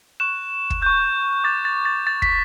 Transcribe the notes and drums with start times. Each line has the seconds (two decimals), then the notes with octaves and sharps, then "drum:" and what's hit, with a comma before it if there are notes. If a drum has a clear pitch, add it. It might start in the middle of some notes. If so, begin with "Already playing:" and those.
0.20 C#6 F#6 E7
0.70 drum: kick
0.82 C#6 F#6 G6
1.44 D6 G6 A6
1.65 A6
1.85 A6
2.07 D6 G6 A6
2.22 B6, drum: kick